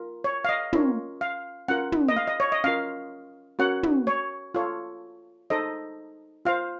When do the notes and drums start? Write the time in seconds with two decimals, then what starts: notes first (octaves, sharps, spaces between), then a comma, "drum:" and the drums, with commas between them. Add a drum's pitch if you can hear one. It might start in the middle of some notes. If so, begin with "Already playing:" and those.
Already playing: F4 A#4
0.24 C#5
0.45 F5
0.49 D#5
0.73 C#4 F4 A#4 C#5, drum: tom
1.21 F5
1.68 C#4 F4 A#4 F#5
1.92 drum: tom
2.09 D#5
2.17 F5
2.27 D#5
2.40 C#5
2.52 D#5
2.64 C#4 F4 A#4 F5
3.59 C#4 F#4 A#4 C#5 F#5
3.83 drum: tom
4.07 C#5
4.54 F4 A4 C#5
5.50 D#4 A4 C5 D#5
6.45 F4 C5 F5